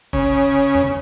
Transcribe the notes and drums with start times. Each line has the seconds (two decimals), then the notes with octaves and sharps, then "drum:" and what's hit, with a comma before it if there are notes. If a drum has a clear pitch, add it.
0.13 C#3, drum: kick F1
0.75 drum: tom E2